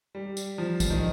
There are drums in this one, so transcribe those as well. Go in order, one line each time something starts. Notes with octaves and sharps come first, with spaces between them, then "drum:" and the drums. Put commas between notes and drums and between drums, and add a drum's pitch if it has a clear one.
G3
drum: tambourine
F3
drum: kick, tambourine
D#3